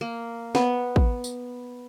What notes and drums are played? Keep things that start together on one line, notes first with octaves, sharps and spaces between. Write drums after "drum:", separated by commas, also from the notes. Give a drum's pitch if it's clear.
A#3
B3, drum: snare
drum: kick
drum: tambourine